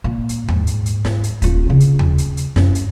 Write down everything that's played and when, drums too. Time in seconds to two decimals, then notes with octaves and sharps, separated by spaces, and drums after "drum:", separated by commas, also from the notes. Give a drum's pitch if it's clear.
0.04 A#2
0.29 drum: hi-hat
0.48 G#2, drum: tom
0.67 drum: hi-hat
0.86 drum: hi-hat
1.05 drum: snare
1.24 drum: hi-hat
1.42 D#1 F4, drum: hi-hat
1.70 C#3
1.80 drum: hi-hat
1.99 drum: tom
2.18 drum: hi-hat
2.37 drum: hi-hat
2.56 F#2, drum: snare
2.75 drum: hi-hat